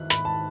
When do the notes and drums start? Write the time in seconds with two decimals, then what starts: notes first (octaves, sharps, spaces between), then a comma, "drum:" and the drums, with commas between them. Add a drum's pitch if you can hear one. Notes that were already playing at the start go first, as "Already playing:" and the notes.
Already playing: D#3 E4 F#6
0.10 G#2 B5, drum: hi-hat
0.25 A5